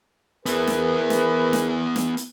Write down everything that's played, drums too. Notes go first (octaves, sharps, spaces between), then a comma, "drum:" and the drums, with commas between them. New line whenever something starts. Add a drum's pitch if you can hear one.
B3 E4 G#4 A#4 B4, drum: hi-hat
drum: snare
drum: snare
drum: snare
drum: snare
drum: hi-hat